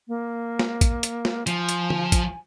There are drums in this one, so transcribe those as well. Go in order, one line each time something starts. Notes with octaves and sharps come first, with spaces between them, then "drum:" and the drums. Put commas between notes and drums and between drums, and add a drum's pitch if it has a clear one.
A#3
drum: snare
drum: kick A#1, hi-hat
drum: hi-hat
drum: snare
F3 G#5, drum: hi-hat
drum: hi-hat
drum: tom D3
drum: kick A#1, hi-hat